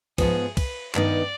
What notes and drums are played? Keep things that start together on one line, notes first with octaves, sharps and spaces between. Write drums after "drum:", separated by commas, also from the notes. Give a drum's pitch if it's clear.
G#2 F3 B3 G#4, drum: kick, cymbal
B4, drum: kick, cymbal
G2 D#3 B3 D#4 D5, drum: clap